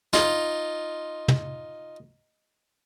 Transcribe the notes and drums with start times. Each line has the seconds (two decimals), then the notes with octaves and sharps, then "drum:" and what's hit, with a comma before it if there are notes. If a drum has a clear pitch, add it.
0.13 D#4 F4, drum: snare
1.28 drum: tom